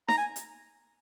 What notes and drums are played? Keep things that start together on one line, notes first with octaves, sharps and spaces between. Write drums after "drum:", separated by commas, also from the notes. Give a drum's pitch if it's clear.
A#5, drum: snare D#4
G#5
drum: hi-hat